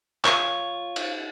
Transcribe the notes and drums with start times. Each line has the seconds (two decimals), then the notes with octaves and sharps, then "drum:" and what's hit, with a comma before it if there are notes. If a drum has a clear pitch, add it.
0.25 F4 C#5, drum: clap
0.96 drum: cymbal